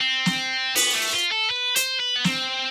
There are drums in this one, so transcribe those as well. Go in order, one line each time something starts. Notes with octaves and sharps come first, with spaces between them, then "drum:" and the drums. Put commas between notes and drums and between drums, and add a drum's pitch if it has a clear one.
C4
drum: snare
B3, drum: open hi-hat
A3
F4
A4
B4
C5, drum: hi-hat
B4
B3
C4, drum: snare